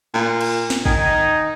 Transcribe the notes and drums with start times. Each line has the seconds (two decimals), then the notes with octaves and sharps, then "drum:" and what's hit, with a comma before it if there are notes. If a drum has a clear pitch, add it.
0.14 A#2
0.41 drum: cymbal
0.70 drum: snare
0.85 D#3 D#4 G#5, drum: kick